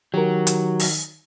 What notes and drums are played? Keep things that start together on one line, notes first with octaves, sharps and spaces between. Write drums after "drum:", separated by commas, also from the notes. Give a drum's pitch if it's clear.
D#3 F#3 G4 A#4
drum: hi-hat
drum: open hi-hat